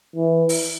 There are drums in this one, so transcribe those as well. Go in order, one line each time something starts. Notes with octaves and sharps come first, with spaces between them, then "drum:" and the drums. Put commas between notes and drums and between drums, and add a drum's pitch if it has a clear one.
E3
drum: open hi-hat